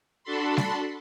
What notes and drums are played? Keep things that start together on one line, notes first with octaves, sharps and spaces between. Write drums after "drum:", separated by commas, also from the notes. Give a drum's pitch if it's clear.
D4 F#4 A4 A5 B5 C6
drum: snare G3